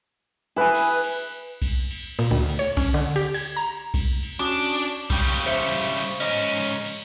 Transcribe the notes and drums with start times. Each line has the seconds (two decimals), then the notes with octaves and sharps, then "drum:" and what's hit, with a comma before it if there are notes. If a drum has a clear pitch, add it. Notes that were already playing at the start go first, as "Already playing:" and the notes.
0.56 E4 G#4 B4 G#5
0.75 drum: cymbal
1.04 drum: cymbal
1.62 drum: kick B1, cymbal
1.91 drum: cymbal
2.19 A#2, drum: cymbal
2.31 D2
2.49 drum: cymbal
2.59 C#5
2.77 C#4, drum: kick B1, cymbal
2.94 D3
3.16 G4
3.34 G#6, drum: cymbal
3.57 A#5
3.94 drum: kick B1, cymbal
4.23 drum: cymbal
4.39 C#4 D4 F#4 D#6
4.52 drum: cymbal
4.81 drum: cymbal
5.10 C#3 G3 G5 G6, drum: kick B1, cymbal
5.46 C5 E5 C#7
5.68 drum: cymbal
5.97 drum: cymbal
6.20 G#2 C#4 D#5
6.55 drum: cymbal
6.84 drum: cymbal